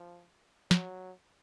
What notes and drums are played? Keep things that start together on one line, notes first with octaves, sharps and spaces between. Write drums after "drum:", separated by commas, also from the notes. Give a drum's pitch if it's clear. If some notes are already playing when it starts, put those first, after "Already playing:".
Already playing: F3
F#3, drum: snare